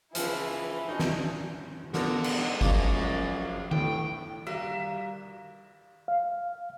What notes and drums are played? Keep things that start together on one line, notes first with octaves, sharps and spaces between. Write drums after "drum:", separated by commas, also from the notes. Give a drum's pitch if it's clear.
C#2 E3 F3 E4 G#4 B4, drum: hi-hat
D4 D#4 F#4 G#4
drum: snare
D3 B3 A#4 D5, drum: snare
drum: cymbal
G#2
F#2 F3 G#3 A#3, drum: kick G1
A2 G5, drum: tom D#3
G3 A#3 F#4 G4 A#4 E5 A#6
F5